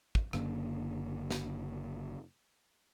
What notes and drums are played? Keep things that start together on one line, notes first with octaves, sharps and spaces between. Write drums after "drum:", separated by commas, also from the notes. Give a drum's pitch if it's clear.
drum: kick
F#1 F#2 D3 A#3, drum: rim click
drum: snare